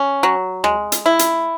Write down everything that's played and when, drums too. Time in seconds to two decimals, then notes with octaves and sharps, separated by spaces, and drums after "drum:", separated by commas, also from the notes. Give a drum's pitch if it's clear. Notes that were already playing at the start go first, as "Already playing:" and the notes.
Already playing: C#4
0.23 F#3
0.64 G#3, drum: rim click
0.92 drum: hi-hat
1.06 E4
1.19 drum: hi-hat